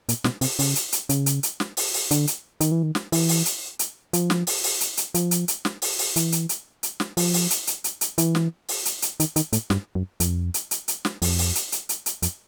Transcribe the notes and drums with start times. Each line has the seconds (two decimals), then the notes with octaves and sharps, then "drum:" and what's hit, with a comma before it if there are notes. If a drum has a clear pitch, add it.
0.09 A#2, drum: hi-hat
0.24 B2, drum: snare
0.41 C3, drum: open hi-hat
0.59 C#3, drum: open hi-hat
0.76 drum: hi-hat
0.92 drum: hi-hat
1.09 C#3, drum: hi-hat
1.26 drum: hi-hat
1.43 drum: hi-hat
1.60 drum: snare
1.77 drum: open hi-hat
1.94 drum: open hi-hat
2.11 D3, drum: hi-hat
2.27 drum: hi-hat
2.61 D#3, drum: hi-hat
2.72 E3
2.83 D#3
2.95 drum: snare
3.12 E3, drum: open hi-hat
3.29 drum: open hi-hat
3.45 drum: hi-hat
3.79 drum: hi-hat
4.13 F3, drum: hi-hat
4.30 drum: snare
4.47 drum: open hi-hat
4.64 drum: open hi-hat
4.80 drum: hi-hat
4.97 drum: hi-hat
5.14 F3, drum: hi-hat
5.31 drum: hi-hat
5.48 drum: hi-hat
5.65 drum: snare
5.82 drum: open hi-hat
5.99 drum: open hi-hat
6.16 E3, drum: hi-hat
6.32 drum: hi-hat
6.49 drum: hi-hat
6.83 drum: hi-hat
7.00 drum: snare
7.17 F3, drum: open hi-hat
7.34 drum: open hi-hat
7.50 drum: hi-hat
7.67 drum: hi-hat
7.84 drum: hi-hat
8.01 drum: hi-hat
8.18 E3, drum: hi-hat
8.35 drum: snare
8.68 drum: open hi-hat
8.85 drum: hi-hat
9.02 drum: hi-hat
9.20 D#3, drum: hi-hat
9.36 D#3, drum: hi-hat
9.53 A2, drum: hi-hat
9.70 G2, drum: snare
9.95 F#2
10.20 F2, drum: hi-hat
10.54 drum: hi-hat
10.71 drum: hi-hat
10.88 drum: hi-hat
11.05 drum: snare
11.22 F2, drum: open hi-hat
11.38 drum: open hi-hat
11.55 drum: hi-hat
11.72 drum: hi-hat
11.89 drum: hi-hat
12.06 drum: hi-hat
12.22 F2, drum: hi-hat